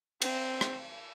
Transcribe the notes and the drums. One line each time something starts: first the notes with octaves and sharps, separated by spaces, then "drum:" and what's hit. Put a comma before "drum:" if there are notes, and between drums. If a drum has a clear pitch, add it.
C4, drum: cymbal
drum: rim click